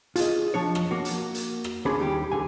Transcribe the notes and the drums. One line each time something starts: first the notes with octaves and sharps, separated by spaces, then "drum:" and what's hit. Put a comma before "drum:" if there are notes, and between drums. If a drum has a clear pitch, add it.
F4 G#4 D#5, drum: hi-hat
F3 D4 C#5
drum: rim click
A#3 F#4
drum: hi-hat
drum: hi-hat
drum: rim click
C#2 C#4 D4 G#4 B5
D#2 G3 G4
C#2 D3 G#5